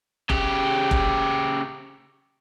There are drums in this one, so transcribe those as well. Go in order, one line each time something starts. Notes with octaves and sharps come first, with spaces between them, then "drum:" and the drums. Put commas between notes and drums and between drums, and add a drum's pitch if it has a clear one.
C#3 G4, drum: kick F1
drum: kick F1